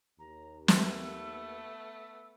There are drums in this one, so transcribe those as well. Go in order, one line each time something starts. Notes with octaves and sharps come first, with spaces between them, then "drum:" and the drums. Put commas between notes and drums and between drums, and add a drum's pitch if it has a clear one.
D#2 A#5
A3 B3 E6, drum: snare